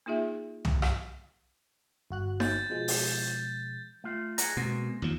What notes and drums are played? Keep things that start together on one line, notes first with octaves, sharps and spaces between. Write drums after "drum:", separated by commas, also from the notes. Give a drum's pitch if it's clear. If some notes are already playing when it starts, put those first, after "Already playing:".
A#3 D#4 F4 G#4 E5
drum: tom C2
drum: rim click
G1 F#4 F#6
G6 A6, drum: snare D#4
B2 F3 G#3
drum: open hi-hat
A3 F4
G#4 F#5 A#5, drum: hi-hat
B2 G#3 A#3 C4
D#2 F3